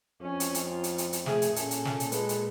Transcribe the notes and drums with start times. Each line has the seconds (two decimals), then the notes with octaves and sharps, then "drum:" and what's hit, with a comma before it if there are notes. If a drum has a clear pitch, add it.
0.22 F2 C#4
0.40 drum: hi-hat
0.54 drum: hi-hat
0.65 F4
0.84 drum: hi-hat
0.98 drum: hi-hat
1.13 drum: hi-hat
1.26 A#2 A3 G#4, drum: snare
1.42 drum: hi-hat
1.56 C#4 A4, drum: hi-hat
1.71 drum: hi-hat
1.85 drum: snare
2.00 drum: hi-hat
2.12 G#3 B4, drum: hi-hat
2.29 drum: hi-hat